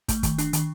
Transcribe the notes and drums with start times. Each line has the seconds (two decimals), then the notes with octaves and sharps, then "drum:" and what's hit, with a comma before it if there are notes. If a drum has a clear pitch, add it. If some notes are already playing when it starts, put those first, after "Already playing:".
0.08 A3, drum: kick, hi-hat
0.23 D#3, drum: kick, hi-hat
0.38 D4, drum: hi-hat
0.53 D#3, drum: hi-hat